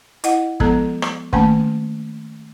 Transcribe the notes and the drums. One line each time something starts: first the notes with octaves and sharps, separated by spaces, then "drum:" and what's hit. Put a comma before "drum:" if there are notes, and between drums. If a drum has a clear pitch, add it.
E4 D#5 F#5, drum: hi-hat
F3 G#3 B3 A4 A#5, drum: kick
drum: rim click
D#3 A3 A#3 C#4 G#5 A5, drum: kick